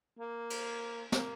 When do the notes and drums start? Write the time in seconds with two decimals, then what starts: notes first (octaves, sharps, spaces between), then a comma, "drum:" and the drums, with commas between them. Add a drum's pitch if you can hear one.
0.19 A#3
0.50 drum: cymbal
1.12 A#3, drum: snare